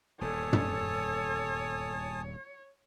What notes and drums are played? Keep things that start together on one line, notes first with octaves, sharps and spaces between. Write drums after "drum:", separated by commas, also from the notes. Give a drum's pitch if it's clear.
D#1 E2 G2 A4 C#5 G#5 A5 D#6
drum: tom